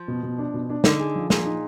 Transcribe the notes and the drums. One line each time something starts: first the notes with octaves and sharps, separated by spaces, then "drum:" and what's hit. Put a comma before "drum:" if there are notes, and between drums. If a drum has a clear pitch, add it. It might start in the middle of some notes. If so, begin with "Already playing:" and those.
Already playing: F3
B2
B2
D4
B2
D4
D3 D#4, drum: snare
G#4
F3
A#2 G#4, drum: snare
D#4